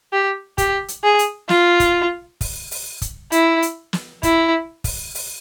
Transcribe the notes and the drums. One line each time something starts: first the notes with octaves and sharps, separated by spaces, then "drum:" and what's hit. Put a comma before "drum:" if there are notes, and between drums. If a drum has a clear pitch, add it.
G4
G4, drum: kick, hi-hat
drum: hi-hat
G#4
drum: hi-hat
F4, drum: snare
drum: kick, hi-hat
drum: kick, open hi-hat
drum: open hi-hat
drum: kick, hi-hat
E4, drum: hi-hat
drum: hi-hat
drum: snare
E4, drum: kick, hi-hat
drum: kick, open hi-hat
drum: open hi-hat